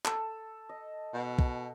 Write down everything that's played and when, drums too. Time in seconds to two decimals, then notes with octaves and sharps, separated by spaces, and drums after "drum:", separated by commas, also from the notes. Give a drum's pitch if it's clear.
0.05 A4, drum: clap
0.69 D#5
1.13 B2
1.39 drum: kick